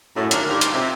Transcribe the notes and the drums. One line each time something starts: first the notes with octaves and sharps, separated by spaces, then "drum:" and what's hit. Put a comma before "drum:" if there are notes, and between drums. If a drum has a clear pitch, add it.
F#2 A2
D3 D#3 F3 A#3 D4 A#4, drum: hi-hat
G2 D#4 F4 G4 A#4
drum: hi-hat
C3